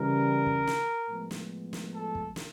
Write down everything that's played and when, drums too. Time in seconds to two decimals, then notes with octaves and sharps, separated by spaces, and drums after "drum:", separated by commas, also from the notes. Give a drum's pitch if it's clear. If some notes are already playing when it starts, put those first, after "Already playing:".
Already playing: C#3 E3 G3 A#4
0.46 drum: kick
0.67 drum: snare
1.10 A2 F3 G#3 B3
1.31 drum: snare
1.73 drum: snare
1.94 A4
2.15 drum: kick
2.36 drum: snare